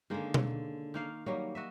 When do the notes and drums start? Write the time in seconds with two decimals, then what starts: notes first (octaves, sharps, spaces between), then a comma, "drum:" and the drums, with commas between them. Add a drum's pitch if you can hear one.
0.10 D3 D#3 G#3 A#3 C#4 G#4
0.34 drum: tom B2
0.94 D#3 A#3 F5
1.26 F#3 G3 A#3 D#4 C#5
1.55 F#4 D#5 E5